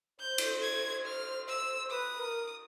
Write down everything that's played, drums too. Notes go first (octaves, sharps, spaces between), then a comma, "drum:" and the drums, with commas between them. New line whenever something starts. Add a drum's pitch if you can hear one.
C5 G6
drum: cymbal
G#6
F6
E6
B4 D#6
A#4